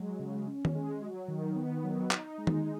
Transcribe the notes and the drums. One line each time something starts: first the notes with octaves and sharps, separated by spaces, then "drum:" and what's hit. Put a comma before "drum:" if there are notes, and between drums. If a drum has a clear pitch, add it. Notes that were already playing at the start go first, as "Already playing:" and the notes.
Already playing: F#3 G#3
C#3
C#4
drum: tom D#3
G#3
F#3
D#3
B3
F#3
D#4, drum: clap
G#3
drum: tom D#3